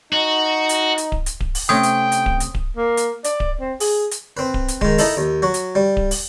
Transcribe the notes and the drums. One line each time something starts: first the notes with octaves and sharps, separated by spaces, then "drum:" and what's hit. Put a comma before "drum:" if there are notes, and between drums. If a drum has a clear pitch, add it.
D#4 F#4
drum: hi-hat
drum: hi-hat
drum: kick D1
drum: hi-hat
drum: kick D1
drum: open hi-hat
C3 A3 C4 C#4 G5 D#6
drum: hi-hat
drum: hi-hat
drum: kick D1
drum: hi-hat
drum: kick D1
A#3
drum: hi-hat
D5, drum: hi-hat
drum: kick D1
C4
G#4, drum: open hi-hat
drum: hi-hat
C4 B4
drum: kick D1
drum: hi-hat
D#3 G#3, drum: kick D1
D#4 E4 A4 D#5, drum: open hi-hat
D#2
F#3 F#4
drum: hi-hat
G3
drum: kick D1
drum: open hi-hat